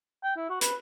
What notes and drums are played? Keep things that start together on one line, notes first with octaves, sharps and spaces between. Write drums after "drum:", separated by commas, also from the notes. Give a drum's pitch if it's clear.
G5
E4
F#4
B4, drum: hi-hat